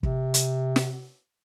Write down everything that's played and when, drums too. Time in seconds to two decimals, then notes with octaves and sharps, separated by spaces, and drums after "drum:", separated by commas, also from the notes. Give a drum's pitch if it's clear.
0.03 C3, drum: kick
0.34 drum: hi-hat
0.76 drum: snare